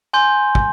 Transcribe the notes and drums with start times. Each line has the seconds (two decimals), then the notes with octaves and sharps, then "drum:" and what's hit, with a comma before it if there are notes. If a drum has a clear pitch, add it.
0.13 G#5 C6 G6
0.55 drum: kick